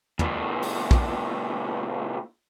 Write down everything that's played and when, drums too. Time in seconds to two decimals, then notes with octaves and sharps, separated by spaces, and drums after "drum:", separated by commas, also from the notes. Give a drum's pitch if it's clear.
0.19 C#2 A#2, drum: tom
0.62 drum: open hi-hat
0.91 drum: kick